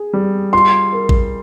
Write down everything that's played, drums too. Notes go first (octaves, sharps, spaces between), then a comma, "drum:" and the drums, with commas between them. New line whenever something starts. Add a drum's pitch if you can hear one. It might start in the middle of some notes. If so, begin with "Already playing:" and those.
Already playing: G#4
G3
F4 C6
A#4
drum: kick A1